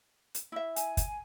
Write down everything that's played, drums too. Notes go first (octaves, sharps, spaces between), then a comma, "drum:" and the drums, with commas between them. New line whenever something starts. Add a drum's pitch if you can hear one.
drum: hi-hat
E4 E5
G#5, drum: hi-hat
drum: kick, hi-hat